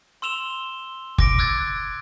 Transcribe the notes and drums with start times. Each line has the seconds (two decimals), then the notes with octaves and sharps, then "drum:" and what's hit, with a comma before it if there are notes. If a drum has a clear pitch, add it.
0.22 C6 E6 E7 F7 G7
1.18 D6 A#6 D7, drum: kick
1.38 D6 E6 F#6 G#6 A6